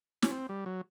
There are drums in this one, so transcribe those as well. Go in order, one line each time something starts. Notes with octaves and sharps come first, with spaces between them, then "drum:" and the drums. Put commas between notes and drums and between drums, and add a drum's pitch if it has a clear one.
C#4, drum: snare
C4
G3
F#3